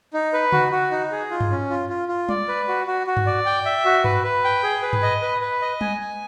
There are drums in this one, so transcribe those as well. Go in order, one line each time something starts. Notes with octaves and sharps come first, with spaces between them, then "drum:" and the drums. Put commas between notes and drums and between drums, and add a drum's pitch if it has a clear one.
D#4
B4
F#4, drum: tom C#3
F#4
D#4
G#4
F4
drum: tom G2
C#4
F4
F4
F4
D5, drum: tom G3
B4
F#4
F#4
F#4
drum: tom G2
D5
G5
E5
F#4
B4, drum: tom G2
B4
G5
G#4
B4
drum: tom G2
D#5
B4
B4
D#5
G#5, drum: tom G3
G#5